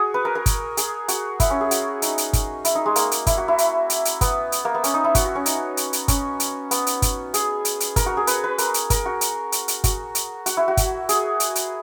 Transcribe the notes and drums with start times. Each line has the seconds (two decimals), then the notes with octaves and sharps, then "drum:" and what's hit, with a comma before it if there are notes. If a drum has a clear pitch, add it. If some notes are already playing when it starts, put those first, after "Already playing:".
Already playing: F#4 G#4
0.14 B4
0.25 A#4
0.35 A#4
0.46 drum: kick G1, hi-hat
0.77 G#4, drum: hi-hat
1.08 F#4, drum: hi-hat
1.40 E4, drum: kick G1, hi-hat
1.50 C#4
1.61 G#4
1.71 F#4, drum: hi-hat
2.02 D#4, drum: hi-hat
2.18 drum: hi-hat
2.33 drum: kick G1, hi-hat
2.65 E4, drum: hi-hat
2.75 D#4
2.86 G#3
2.96 A#3, drum: hi-hat
3.11 drum: hi-hat
3.27 E4, drum: kick G1, hi-hat
3.38 F#4
3.48 E4
3.58 drum: hi-hat
3.90 drum: hi-hat
4.05 drum: hi-hat
4.21 B3, drum: kick G1, hi-hat
4.52 drum: hi-hat
4.65 A#3
4.75 B3
4.84 C#4, drum: hi-hat
4.94 D#4
5.04 E4
5.15 F#4, drum: kick G1, hi-hat
5.25 F#4
5.35 C#4
5.46 D#4, drum: hi-hat
5.77 drum: hi-hat
5.93 drum: hi-hat
6.08 C#4, drum: kick G1, hi-hat
6.40 drum: hi-hat
6.71 B3, drum: hi-hat
6.87 drum: hi-hat
7.02 drum: kick G1, hi-hat
7.34 G#4, drum: hi-hat
7.65 drum: hi-hat
7.80 drum: hi-hat
7.96 A#4, drum: kick G1, hi-hat
8.06 F#4
8.17 G#4
8.27 B4, drum: hi-hat
8.44 B4
8.58 A#4, drum: hi-hat
8.74 drum: hi-hat
8.90 A#4, drum: kick G1, hi-hat
9.05 F#4
9.21 drum: hi-hat
9.52 drum: hi-hat
9.68 drum: hi-hat
9.84 F#4, drum: kick G1, hi-hat
10.15 drum: hi-hat
10.46 F#4, drum: hi-hat
10.57 E4
10.68 F#4
10.77 drum: kick G1, hi-hat
11.09 G#4, drum: hi-hat
11.40 drum: hi-hat
11.55 drum: hi-hat